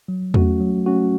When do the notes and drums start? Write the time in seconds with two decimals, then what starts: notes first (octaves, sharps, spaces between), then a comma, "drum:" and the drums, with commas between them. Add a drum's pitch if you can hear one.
0.08 F#3
0.34 A3 C#4 F#4, drum: tom E2
0.60 F#3
0.86 A3 C#4 F#4